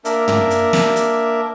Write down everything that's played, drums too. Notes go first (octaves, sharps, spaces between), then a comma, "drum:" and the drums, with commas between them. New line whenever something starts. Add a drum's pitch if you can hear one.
A#3 D4 A#4 E5, drum: hi-hat
drum: tom
drum: hi-hat
drum: snare
drum: hi-hat